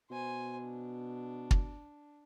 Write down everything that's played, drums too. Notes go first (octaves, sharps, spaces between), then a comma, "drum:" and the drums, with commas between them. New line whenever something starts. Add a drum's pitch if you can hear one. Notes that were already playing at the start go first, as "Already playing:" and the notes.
B2 C5 G#5
D4
drum: kick